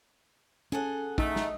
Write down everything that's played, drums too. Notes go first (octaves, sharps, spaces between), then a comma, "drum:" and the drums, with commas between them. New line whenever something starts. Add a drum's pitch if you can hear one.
C#4 G#4 A4 F#5
A3 D#4, drum: kick
drum: snare